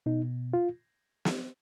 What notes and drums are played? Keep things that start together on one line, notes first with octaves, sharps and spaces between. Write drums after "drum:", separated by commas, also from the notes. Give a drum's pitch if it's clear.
B2 D#4
F4
drum: snare